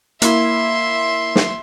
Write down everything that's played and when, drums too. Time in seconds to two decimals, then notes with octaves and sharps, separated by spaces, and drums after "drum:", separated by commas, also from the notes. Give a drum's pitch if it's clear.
0.22 A#3 E4 E5 C6, drum: hi-hat
1.36 drum: snare